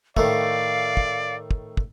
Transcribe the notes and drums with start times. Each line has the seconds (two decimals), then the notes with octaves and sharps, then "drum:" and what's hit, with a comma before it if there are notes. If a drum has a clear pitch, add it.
0.17 A2 D#3 A3 D5 F5, drum: kick
0.97 drum: kick
1.51 drum: kick
1.77 drum: kick